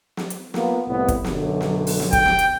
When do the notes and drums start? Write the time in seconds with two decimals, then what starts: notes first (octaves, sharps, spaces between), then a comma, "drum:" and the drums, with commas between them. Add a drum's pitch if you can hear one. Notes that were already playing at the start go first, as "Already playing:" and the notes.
0.17 drum: snare
0.30 drum: hi-hat
0.54 A#3 B3 F4, drum: snare
0.87 C2 A2 B3
1.08 drum: kick, hi-hat
1.24 B1 F#2 D3, drum: snare
1.61 drum: snare
1.87 drum: open hi-hat
2.00 drum: snare
2.13 G5, drum: kick, hi-hat
2.26 drum: snare
2.39 drum: hi-hat